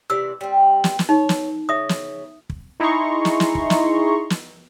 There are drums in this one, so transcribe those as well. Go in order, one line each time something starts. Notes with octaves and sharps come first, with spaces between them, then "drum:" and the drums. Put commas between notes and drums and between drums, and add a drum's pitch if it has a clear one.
C3 E3 D5 E6
G3 C4
drum: snare
drum: snare
D#4 C#5
drum: snare
C#3 E5 D#6
drum: snare
drum: kick
D#4 E4 G#4 A#5 C6 C#6
drum: snare
drum: snare
drum: kick
drum: snare
drum: snare